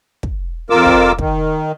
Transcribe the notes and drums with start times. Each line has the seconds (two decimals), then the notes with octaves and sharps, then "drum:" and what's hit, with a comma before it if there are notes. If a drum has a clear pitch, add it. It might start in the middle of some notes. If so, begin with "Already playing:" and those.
0.23 drum: kick
0.70 F2 F4 A#4 D6 E6
0.86 drum: kick
1.19 D#3, drum: kick